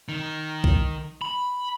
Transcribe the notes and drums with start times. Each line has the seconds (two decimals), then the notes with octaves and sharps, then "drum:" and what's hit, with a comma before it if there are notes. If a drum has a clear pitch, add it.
0.09 D#3
0.64 drum: kick A#1
1.22 B5